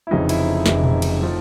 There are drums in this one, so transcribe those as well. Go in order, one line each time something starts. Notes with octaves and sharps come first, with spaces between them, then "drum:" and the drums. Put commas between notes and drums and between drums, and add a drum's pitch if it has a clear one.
E4
F1 F2 C#3 E3 D#4
E4, drum: cymbal
F1 F2 C#3 E3 D#4, drum: snare
drum: tom A#2
drum: cymbal
A2 F3 A3